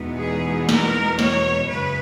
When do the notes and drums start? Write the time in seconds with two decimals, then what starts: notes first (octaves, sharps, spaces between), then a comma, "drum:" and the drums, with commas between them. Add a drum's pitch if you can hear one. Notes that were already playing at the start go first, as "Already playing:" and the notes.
Already playing: E2 B2 G#3 B3 D#4
0.19 G#4
0.69 A#4, drum: snare
1.19 C#5, drum: snare
1.68 F#2 C#3 B4